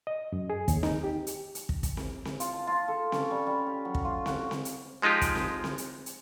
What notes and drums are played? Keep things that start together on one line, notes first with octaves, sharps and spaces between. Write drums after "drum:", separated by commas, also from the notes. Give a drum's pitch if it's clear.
D#5
F#2
G#4
D#2, drum: kick, hi-hat
D#4, drum: snare C4
G4
drum: hi-hat
drum: hi-hat
drum: kick
drum: kick, hi-hat
drum: snare C4
drum: snare C4
F4, drum: hi-hat
A5
F4
A4
C#4, drum: snare C4
G3
G3
G4
F#3
drum: kick
F4
F#4, drum: snare C4
drum: snare C4
drum: hi-hat
F3 G#3 D#4 F4 G4
drum: kick, hi-hat
drum: snare C4
drum: snare C4
drum: hi-hat
drum: hi-hat